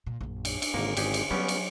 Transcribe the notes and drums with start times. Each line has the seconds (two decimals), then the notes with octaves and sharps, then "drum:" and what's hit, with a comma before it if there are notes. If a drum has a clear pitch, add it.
0.07 A#2
0.21 A#1 F#2
0.45 drum: cymbal
0.62 drum: cymbal
0.74 G#1 D3 A#3 C#4
0.97 G#1 G4 G#4, drum: cymbal
1.14 drum: cymbal
1.30 F#3 G3 B3 C#4
1.48 drum: cymbal